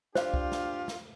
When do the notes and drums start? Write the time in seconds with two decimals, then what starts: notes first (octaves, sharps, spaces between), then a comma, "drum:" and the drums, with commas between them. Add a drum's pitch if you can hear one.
0.15 D4 F4 G4 C5 F5, drum: snare
0.34 drum: kick C2
0.52 drum: snare
0.88 drum: snare